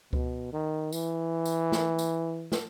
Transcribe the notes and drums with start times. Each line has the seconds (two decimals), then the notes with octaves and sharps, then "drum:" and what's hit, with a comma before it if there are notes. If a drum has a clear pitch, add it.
0.13 B2, drum: kick C#2
0.53 D#3
0.93 E3, drum: tambourine
1.46 drum: tambourine
1.72 drum: snare
1.99 drum: tambourine
2.52 drum: snare